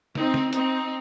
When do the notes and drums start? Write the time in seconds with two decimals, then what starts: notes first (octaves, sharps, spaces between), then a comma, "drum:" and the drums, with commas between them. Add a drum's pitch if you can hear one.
0.15 C4 D#4, drum: snare
0.34 drum: snare
0.53 C4 D#4, drum: hi-hat